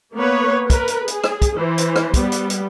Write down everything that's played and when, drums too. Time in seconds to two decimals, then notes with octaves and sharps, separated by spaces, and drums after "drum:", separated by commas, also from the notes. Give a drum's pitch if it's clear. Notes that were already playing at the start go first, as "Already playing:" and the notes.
0.14 A#3 B3 B4 C#5
0.70 A#4 B4, drum: kick, hi-hat
0.88 drum: hi-hat
1.08 G#4, drum: hi-hat
1.24 drum: rim click
1.42 drum: kick, hi-hat
1.56 E3 C5
1.78 drum: hi-hat
1.96 drum: rim click
2.14 G3 B3, drum: kick, hi-hat
2.32 drum: hi-hat
2.50 drum: hi-hat